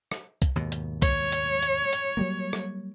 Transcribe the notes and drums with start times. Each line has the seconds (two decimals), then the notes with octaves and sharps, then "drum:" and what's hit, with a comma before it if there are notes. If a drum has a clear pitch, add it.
0.12 drum: rim click
0.42 drum: kick C2, hi-hat
0.56 D#2 G#2 B2
0.72 drum: hi-hat
1.02 C#5, drum: kick C2, hi-hat
1.32 drum: hi-hat
1.62 drum: hi-hat
1.93 drum: hi-hat
2.17 F#3 G3 A#3
2.53 drum: rim click